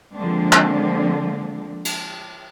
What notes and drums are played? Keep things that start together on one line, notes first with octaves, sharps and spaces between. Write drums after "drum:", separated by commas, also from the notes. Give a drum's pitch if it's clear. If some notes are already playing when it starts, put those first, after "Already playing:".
D3 F3 G#3 A#3 C4 D4
drum: clap
drum: cymbal